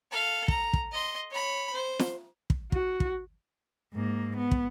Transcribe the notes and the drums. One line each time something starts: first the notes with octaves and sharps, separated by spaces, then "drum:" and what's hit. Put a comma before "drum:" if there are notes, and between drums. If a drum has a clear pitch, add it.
A4 F5
A#5, drum: kick
drum: kick
D#5 C6
C#5 B5
C5
drum: snare
drum: kick
F#4, drum: kick
drum: kick
G#2 A#3
B3
drum: kick